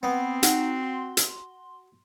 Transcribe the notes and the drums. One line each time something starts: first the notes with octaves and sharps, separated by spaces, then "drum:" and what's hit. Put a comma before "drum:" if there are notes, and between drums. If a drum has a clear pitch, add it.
B3 C4
D#4 F#4, drum: hi-hat
C6
drum: hi-hat